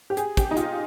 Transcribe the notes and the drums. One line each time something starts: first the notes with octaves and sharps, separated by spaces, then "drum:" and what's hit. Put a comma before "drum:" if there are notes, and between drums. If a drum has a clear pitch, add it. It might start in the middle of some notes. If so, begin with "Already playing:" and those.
G4
G#4, drum: hi-hat
G4, drum: kick, hi-hat
D#4
F4, drum: hi-hat